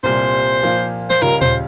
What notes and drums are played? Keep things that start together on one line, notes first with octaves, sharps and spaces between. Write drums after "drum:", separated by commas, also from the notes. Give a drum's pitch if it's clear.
C2 A#2 G3 C5
A#2 F3 A#3 F4
C5, drum: snare
C#2 C#3 G3 C#4 F4 A#4
C5, drum: tom A#2